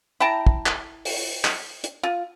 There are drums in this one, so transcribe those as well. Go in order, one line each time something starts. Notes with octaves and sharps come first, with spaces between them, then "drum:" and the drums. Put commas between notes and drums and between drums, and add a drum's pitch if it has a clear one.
E4 G5 A5 A#5
drum: kick
drum: clap
drum: open hi-hat
drum: clap
drum: hi-hat
F4